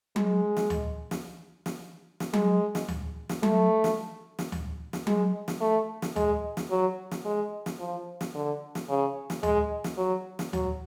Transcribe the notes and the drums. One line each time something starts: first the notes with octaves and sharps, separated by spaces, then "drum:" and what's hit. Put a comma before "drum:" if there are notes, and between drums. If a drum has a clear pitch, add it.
G#3, drum: tom F#3
drum: snare
drum: tom D2
drum: snare
drum: snare
drum: snare
G#3, drum: tom F#3
drum: snare
drum: tom D2
drum: snare
A3, drum: tom F#3
drum: snare
drum: snare
drum: tom D2
drum: snare
G#3, drum: tom F#3
drum: snare
A3
drum: snare
G#3, drum: tom D2
drum: snare
F#3
drum: snare
G#3
drum: snare
F3
drum: snare
D3
drum: snare
C#3
drum: snare
G#3, drum: tom D2
drum: snare
F#3
drum: snare
F#3, drum: tom D2